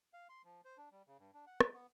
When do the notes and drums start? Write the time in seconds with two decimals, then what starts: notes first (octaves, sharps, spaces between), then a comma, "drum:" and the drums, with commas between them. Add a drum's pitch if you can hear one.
0.13 F5
0.29 C6
0.45 F3
0.65 C5
0.78 D4
0.92 G3
1.07 C#3
1.19 G2
1.34 D4
1.47 F#5
1.60 B4, drum: rim click
1.73 B3